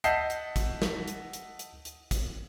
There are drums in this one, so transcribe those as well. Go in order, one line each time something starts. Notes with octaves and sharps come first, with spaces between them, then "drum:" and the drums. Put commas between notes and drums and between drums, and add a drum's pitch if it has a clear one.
D#5 E5 F#5 A5 G6 C7, drum: hi-hat
drum: hi-hat
drum: kick, hi-hat
drum: snare
drum: hi-hat
drum: hi-hat
drum: hi-hat
drum: hi-hat
drum: kick, hi-hat